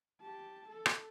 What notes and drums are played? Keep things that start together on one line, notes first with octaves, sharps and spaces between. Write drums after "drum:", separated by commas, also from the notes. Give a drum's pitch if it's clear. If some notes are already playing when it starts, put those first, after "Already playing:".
G4 A5
A4
drum: rim click